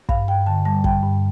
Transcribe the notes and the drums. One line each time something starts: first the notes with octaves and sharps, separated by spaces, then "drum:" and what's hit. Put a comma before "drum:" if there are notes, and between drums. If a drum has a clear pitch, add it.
G2 F5, drum: kick
G2 G5
D3 A5
G3 A5
G2 G5, drum: kick
G2